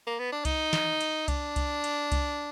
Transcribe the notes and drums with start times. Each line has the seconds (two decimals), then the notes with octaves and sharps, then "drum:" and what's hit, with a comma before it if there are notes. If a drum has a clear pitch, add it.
0.07 A#3
0.19 B3
0.32 D4
0.45 D#4, drum: kick C2, cymbal
0.73 drum: snare
1.01 drum: cymbal
1.28 D4, drum: kick C2, cymbal
1.56 drum: kick C2, cymbal
1.84 drum: cymbal
2.12 drum: kick C2, cymbal